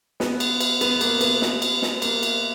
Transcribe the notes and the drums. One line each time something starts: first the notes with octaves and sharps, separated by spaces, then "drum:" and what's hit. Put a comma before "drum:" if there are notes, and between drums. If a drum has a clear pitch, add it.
B3, drum: snare
drum: cymbal
drum: cymbal
B3, drum: cymbal
A#3, drum: cymbal
B3, drum: cymbal
drum: snare
drum: cymbal
drum: snare
A#3, drum: cymbal
drum: cymbal